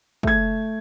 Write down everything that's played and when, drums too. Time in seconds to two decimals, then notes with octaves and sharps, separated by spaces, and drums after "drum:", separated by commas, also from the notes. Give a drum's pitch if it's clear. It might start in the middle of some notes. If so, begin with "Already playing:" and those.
0.23 A3 G#6, drum: kick